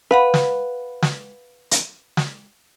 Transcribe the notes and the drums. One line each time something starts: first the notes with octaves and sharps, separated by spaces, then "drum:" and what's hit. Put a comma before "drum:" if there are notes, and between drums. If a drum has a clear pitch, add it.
B4 F5 F#5 B5
drum: snare
drum: snare
drum: hi-hat
drum: snare